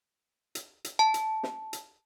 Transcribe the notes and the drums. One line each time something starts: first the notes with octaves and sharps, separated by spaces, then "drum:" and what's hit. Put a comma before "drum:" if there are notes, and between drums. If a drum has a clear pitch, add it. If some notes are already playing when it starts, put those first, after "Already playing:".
drum: hi-hat
drum: hi-hat
A5
drum: hi-hat
drum: snare
drum: hi-hat